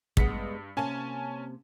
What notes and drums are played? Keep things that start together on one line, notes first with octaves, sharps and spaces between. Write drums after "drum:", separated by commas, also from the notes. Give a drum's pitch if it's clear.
G2 G#3 B3 B6 C#7, drum: kick
C3 A#3 C#4 G#5 A5